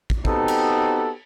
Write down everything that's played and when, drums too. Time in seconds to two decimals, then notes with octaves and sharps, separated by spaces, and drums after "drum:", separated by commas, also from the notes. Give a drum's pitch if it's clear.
0.10 drum: kick
0.25 B3 C4 D#4 F#4 G4 A4, drum: kick
0.48 drum: cymbal